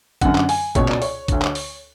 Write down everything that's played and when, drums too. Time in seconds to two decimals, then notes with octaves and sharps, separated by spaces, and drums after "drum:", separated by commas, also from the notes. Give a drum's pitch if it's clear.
0.21 F#2 D3 F#5, drum: kick, hi-hat
0.35 drum: clap
0.49 G#5, drum: open hi-hat
0.75 C#2 B2 C#5, drum: kick, hi-hat
0.88 D5, drum: clap
1.02 C#5, drum: open hi-hat
1.28 D2 D3, drum: kick, hi-hat
1.42 drum: clap
1.55 drum: open hi-hat